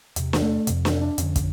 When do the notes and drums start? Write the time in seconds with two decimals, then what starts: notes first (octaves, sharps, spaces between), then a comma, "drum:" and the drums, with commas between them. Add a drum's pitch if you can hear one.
0.16 E2 C3, drum: hi-hat
0.33 drum: snare
0.42 A3
0.67 F2 C3, drum: hi-hat
0.85 C#4, drum: snare
1.02 D4
1.18 F2 D3 C#4, drum: hi-hat
1.36 drum: kick, hi-hat